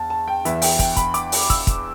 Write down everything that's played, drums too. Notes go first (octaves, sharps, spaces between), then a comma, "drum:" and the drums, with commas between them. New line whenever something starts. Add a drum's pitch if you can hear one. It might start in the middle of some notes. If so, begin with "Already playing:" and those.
Already playing: E2 A5
A5
G5
E2 E3 E5, drum: hi-hat
E5
G5, drum: open hi-hat
G5, drum: kick, hi-hat
B5, drum: kick, hi-hat
D6, drum: hi-hat
drum: open hi-hat
E6, drum: kick, hi-hat
drum: kick, hi-hat